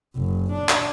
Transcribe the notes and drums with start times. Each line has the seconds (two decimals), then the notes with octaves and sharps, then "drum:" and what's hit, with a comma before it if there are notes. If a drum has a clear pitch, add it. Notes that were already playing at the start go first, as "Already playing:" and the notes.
0.16 F#1
0.53 D4
0.69 drum: clap